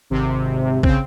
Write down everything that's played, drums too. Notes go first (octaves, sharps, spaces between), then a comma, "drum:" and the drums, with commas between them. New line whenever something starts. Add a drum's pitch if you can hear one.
G#1 C3
C#3 C4, drum: kick